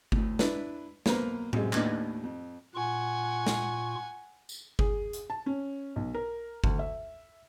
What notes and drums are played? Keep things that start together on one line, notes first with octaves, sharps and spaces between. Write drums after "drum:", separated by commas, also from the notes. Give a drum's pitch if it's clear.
D2 A2, drum: kick G1
D4 E4 B4, drum: snare
B1 A#3 B4 C5 A#5, drum: snare
F#2 C3 G#3, drum: tom A2
D#2 A2 B3 D4 D#4, drum: clap
F2
A#2 F4 F#5 G#5 C#6
drum: snare
drum: tambourine
G#4, drum: kick G1
drum: hi-hat
A5
C#4
B1
A#4
D2, drum: kick G1
E5